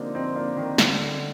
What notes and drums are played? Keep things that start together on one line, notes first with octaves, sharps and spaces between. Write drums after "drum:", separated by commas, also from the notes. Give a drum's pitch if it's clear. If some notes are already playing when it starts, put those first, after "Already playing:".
Already playing: D3 F3 G3 A#3 C4 D4 D#4
C4 D#4
A#3 D4
D#3
D3, drum: snare